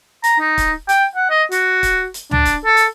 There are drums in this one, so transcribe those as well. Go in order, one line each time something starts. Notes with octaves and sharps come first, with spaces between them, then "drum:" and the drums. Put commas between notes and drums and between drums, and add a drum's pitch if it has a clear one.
A#5, drum: hi-hat
D#4
drum: kick, hi-hat
G5, drum: hi-hat
F#5
D#5
F#4, drum: hi-hat
drum: kick, hi-hat
drum: hi-hat
D4, drum: tom C#2
drum: kick, hi-hat
A4
drum: hi-hat